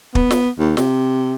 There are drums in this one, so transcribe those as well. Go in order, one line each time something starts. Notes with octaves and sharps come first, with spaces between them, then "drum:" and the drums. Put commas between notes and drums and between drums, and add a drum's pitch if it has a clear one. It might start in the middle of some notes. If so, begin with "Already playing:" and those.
B3, drum: kick
drum: snare
D#2
C3, drum: snare